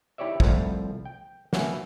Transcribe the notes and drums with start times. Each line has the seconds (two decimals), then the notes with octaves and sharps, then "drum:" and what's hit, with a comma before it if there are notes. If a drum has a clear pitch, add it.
0.18 D#4 E4 G4 C#5 D5 E5
0.40 C2 F3 A3 E4 C5 F#5, drum: kick
1.05 G5
1.53 A#3 F#4 B4 C#5 E5 G#5, drum: snare